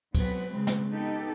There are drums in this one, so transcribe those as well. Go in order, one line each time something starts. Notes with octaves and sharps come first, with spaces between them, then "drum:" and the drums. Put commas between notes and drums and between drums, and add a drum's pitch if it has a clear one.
F#3 B3 C4 B4, drum: kick, cymbal
C#3 G#3 C4
drum: snare
B3 D#4 G4 A4